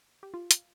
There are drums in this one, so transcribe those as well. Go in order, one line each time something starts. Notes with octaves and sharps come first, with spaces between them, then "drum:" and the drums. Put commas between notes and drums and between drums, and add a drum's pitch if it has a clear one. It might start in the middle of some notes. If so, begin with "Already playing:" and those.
G4
F4
drum: hi-hat